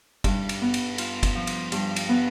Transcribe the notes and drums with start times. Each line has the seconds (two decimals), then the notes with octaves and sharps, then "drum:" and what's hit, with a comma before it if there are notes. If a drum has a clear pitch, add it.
0.24 G2, drum: kick F#1, cymbal
0.49 drum: cymbal
0.62 B3
0.74 drum: cymbal
0.98 F4, drum: cymbal
1.23 drum: kick F#1, cymbal
1.35 F3
1.47 drum: cymbal
1.72 G2, drum: cymbal
1.96 drum: cymbal
2.09 B3